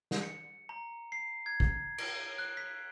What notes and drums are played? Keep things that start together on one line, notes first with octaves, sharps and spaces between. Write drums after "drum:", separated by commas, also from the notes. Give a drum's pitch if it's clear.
drum: snare
C#7
A#5
C7
G#6
drum: kick
D7, drum: cymbal
F#6
B6